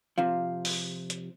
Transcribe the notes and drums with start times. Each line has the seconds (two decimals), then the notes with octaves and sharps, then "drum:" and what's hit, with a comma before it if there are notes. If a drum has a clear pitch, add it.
0.18 C3 F3 F5
0.65 drum: open hi-hat
1.10 drum: hi-hat